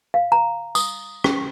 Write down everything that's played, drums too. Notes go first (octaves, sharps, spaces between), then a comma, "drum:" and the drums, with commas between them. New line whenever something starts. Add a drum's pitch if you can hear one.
F5
A#5
D#6, drum: tambourine
C#4, drum: rim click